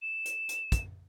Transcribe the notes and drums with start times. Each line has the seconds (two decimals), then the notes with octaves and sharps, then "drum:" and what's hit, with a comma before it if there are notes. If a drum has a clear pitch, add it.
0.02 E7
0.25 drum: hi-hat
0.49 drum: hi-hat
0.72 drum: kick, hi-hat